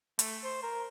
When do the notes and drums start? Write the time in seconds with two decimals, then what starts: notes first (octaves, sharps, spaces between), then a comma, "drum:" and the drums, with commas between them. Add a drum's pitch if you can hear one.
0.19 A3, drum: hi-hat
0.44 C5
0.63 A#4